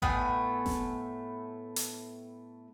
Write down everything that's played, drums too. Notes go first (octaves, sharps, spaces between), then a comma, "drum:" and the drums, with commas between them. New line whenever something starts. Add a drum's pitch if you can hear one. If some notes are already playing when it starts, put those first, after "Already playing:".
A2 A3 B3 G#5, drum: kick G#1
drum: snare F#1
drum: hi-hat